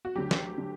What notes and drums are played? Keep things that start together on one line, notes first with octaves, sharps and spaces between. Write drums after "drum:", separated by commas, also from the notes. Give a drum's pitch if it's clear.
F#4
D2 D3 F#3 G4
drum: snare
D3 F#3